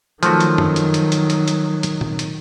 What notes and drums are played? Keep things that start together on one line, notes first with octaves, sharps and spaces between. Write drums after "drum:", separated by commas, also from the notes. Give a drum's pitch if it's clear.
D#3 F3 F#3 A3 F#4, drum: hi-hat
drum: hi-hat
drum: tom
drum: hi-hat
drum: hi-hat
drum: hi-hat
drum: hi-hat
drum: hi-hat
drum: hi-hat
drum: tom A#2
drum: hi-hat